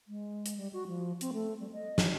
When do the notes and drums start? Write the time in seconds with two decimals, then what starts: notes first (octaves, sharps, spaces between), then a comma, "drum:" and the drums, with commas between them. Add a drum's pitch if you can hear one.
0.08 G#3
0.46 drum: hi-hat
0.57 G3
0.73 F#4
0.88 F3
1.21 C4, drum: hi-hat
1.33 A3
1.60 G3
1.72 D#5
1.98 drum: snare